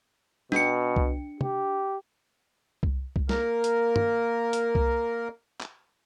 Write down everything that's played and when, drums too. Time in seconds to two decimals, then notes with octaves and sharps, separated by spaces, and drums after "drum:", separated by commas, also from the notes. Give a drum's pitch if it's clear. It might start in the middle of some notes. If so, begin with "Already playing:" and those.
0.52 B2 D4 C#7, drum: snare
0.96 drum: kick C2
1.41 G4, drum: tom
2.83 drum: kick C2
3.16 drum: kick C2
3.29 A#3 A#4, drum: snare
3.64 drum: hi-hat
3.96 drum: tom
4.53 drum: hi-hat
4.75 drum: kick C2
5.61 drum: clap